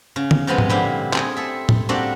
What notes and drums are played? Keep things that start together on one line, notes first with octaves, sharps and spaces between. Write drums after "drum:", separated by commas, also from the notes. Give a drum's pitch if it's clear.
C#3
drum: tom D3
C3 F3 G#3 B3 C4
drum: tom G#2
A#2 D3 G3 E4 C5 F5
C4 G#4 G#5, drum: clap
A4 E5
drum: tom A2
G3 A#3 C4 D4 F#4 A4